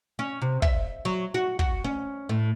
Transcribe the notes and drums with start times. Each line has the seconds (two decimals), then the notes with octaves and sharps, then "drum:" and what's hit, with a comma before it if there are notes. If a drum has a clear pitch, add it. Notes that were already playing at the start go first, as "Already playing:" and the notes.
0.19 C#4
0.41 C3
0.62 E5, drum: kick
1.05 F#3
1.34 F#4
1.59 F#4, drum: kick
1.84 C#4
2.29 A2